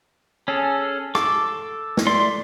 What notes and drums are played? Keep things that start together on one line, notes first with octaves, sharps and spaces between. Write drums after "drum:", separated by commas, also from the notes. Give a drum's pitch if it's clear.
C#4 G#4 A4
A4 D6, drum: rim click
drum: snare
A3 D5 C6